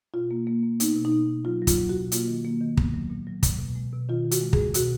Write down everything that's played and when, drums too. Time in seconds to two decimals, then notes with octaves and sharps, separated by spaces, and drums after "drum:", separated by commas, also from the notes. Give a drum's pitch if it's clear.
0.14 B2 F4
0.31 A#3
0.47 A#3
0.63 A#3
0.80 B3 D#4, drum: hi-hat
0.95 B2
1.05 D#4
1.12 B3
1.29 B2
1.45 F#3 F4
1.62 F#3
1.67 F4, drum: kick, hi-hat
1.78 F#3
1.89 F#4
1.95 B2
2.12 A#3 F4, drum: hi-hat
2.28 D#3
2.45 A#3
2.61 D#3
2.77 B3, drum: kick
2.94 F#3
3.10 A#2
3.27 F#3
3.43 B2, drum: kick, hi-hat
3.59 B2
3.75 G#3
3.93 B2
4.09 D#3 F4
4.25 D#3
4.31 F#4, drum: hi-hat
4.41 G#3
4.53 G#4, drum: kick
4.59 G#3
4.74 B2 F#4, drum: hi-hat